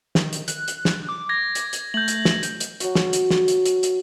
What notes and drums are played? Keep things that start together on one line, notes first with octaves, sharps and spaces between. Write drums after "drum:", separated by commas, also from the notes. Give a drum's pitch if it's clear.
D#3, drum: snare
drum: hi-hat
F#6, drum: hi-hat
drum: hi-hat
drum: snare
D6
G#6 A#6
drum: hi-hat
drum: hi-hat
A3 G6 F#7
drum: hi-hat
drum: snare
drum: hi-hat
drum: hi-hat
F#3 F#4, drum: hi-hat
drum: snare
drum: hi-hat
drum: snare
drum: hi-hat
drum: hi-hat
drum: hi-hat